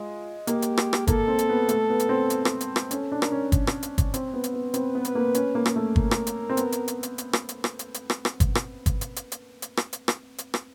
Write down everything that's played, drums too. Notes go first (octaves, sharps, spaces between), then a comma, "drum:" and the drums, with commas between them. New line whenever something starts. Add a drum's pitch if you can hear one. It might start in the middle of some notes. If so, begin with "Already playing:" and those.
Already playing: G#3 F4
A#3 G4, drum: hi-hat
drum: hi-hat
drum: rim click
drum: rim click
A#3 A4, drum: kick G1, hi-hat
C4
drum: hi-hat
B3
A3, drum: hi-hat
B3
drum: hi-hat
C4
drum: hi-hat
drum: rim click
drum: hi-hat
drum: rim click
C#4 A4, drum: hi-hat
D4
A#4, drum: rim click
C#4
drum: kick G1, hi-hat
drum: rim click
drum: hi-hat
drum: kick G1, hi-hat
C4, drum: hi-hat
B3
drum: hi-hat
B3
C4 B4, drum: hi-hat
B3
drum: hi-hat
A#3
C#4, drum: hi-hat
A#3
drum: rim click
A3
A#4, drum: kick G1
drum: rim click
drum: hi-hat
C4
B3, drum: hi-hat
drum: hi-hat
drum: hi-hat
drum: hi-hat
drum: hi-hat
drum: rim click
drum: hi-hat
drum: rim click
drum: hi-hat
drum: hi-hat
drum: rim click
drum: rim click
drum: kick G1, hi-hat
drum: rim click
drum: kick G1, hi-hat
drum: hi-hat
drum: hi-hat
drum: hi-hat
drum: hi-hat
drum: rim click
drum: hi-hat
drum: rim click
drum: hi-hat
drum: rim click